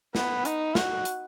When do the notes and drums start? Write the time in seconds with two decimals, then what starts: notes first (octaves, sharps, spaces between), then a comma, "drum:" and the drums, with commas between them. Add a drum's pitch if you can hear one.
0.15 B3, drum: snare
0.45 D#4, drum: hi-hat
0.75 F#4, drum: snare
1.05 drum: hi-hat